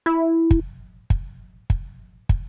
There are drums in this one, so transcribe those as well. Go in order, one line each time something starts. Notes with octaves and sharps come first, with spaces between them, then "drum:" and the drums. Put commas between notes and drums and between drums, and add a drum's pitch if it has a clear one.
E4
drum: kick
drum: kick
drum: kick
drum: kick